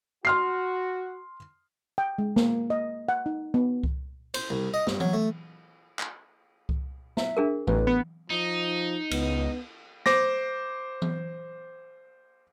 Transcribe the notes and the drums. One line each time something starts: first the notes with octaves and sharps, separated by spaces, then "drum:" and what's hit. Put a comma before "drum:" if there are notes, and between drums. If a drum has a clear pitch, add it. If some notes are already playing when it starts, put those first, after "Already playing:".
F#4 C6 F6 C7
G5
G#3
A#3, drum: snare
D#5
F#5
D#4
B3
drum: kick C2
C5, drum: cymbal
C2
D#5
G2, drum: snare
F#3, drum: tom E3
A3
drum: clap
drum: kick C2
E4 E5, drum: snare
D4 G#4 A#4
A1 B4, drum: tom E3
B3
F3 D#4
C#2 B3, drum: cymbal
C5 D6 A#6, drum: snare
drum: tom E3